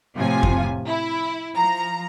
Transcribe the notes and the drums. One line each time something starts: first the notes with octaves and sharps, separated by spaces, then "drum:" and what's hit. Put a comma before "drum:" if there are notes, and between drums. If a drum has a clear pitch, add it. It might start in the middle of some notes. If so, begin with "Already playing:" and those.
A2 C3 F3 F4 G#5
drum: kick F2
E4
F3 A#5